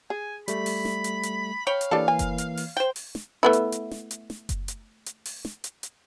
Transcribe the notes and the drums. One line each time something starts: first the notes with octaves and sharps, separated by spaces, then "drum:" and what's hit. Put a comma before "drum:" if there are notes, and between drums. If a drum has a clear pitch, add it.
G#4 G#5
G3 A3 B5, drum: hi-hat
drum: open hi-hat
drum: snare
drum: hi-hat
drum: hi-hat
C#5 F5 G5 B5
drum: hi-hat
E3 A#3 D4 G4 A4
G#5
drum: kick F#1, hi-hat
drum: hi-hat
drum: open hi-hat
C5 G5
drum: open hi-hat
drum: snare
A3 B3 E4
drum: hi-hat
drum: hi-hat
drum: snare
drum: hi-hat
drum: snare
drum: kick F#1, hi-hat
drum: hi-hat
drum: hi-hat
drum: open hi-hat
drum: snare
drum: hi-hat
drum: hi-hat